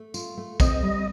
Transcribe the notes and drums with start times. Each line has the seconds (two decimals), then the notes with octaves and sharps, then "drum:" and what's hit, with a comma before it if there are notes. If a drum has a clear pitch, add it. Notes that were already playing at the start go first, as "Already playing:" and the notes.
Already playing: A3
0.14 F4, drum: tambourine
0.37 A3
0.60 C4 D#5, drum: kick, tambourine
0.83 G3